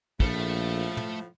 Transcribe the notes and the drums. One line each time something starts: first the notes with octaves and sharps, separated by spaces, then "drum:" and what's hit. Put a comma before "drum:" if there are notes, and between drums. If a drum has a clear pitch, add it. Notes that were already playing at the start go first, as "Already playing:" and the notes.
A#1 A2 F3 A3, drum: kick
drum: tom